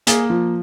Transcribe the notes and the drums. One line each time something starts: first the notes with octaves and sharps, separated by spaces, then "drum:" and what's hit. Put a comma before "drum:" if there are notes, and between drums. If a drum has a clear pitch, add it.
A#3 G#4, drum: hi-hat
F3